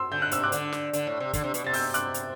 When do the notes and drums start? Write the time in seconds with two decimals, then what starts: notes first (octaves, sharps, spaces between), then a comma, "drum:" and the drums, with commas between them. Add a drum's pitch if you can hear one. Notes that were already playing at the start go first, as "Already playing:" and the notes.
Already playing: C6 E6
0.11 D3 G6
0.22 F#6
0.31 C3 E6, drum: hi-hat
0.43 D6 F#6
0.52 D3, drum: hi-hat
0.73 drum: snare
0.93 D3, drum: hi-hat
1.07 A2
1.20 C3
1.33 D3, drum: kick, hi-hat
1.44 C3
1.54 B2, drum: hi-hat
1.64 C3 A6
1.73 E6 G6, drum: open hi-hat
1.94 D6 F#6, drum: hi-hat
2.14 drum: hi-hat